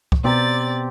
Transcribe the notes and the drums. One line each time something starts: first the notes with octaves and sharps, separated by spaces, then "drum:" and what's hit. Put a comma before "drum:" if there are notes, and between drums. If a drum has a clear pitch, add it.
drum: kick
B2 B3 C4 G4 D5 A#5 A6